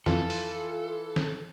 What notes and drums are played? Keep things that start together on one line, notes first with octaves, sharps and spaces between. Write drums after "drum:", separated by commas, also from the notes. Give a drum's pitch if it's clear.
F2 E3 F4 A4, drum: snare
drum: open hi-hat
drum: snare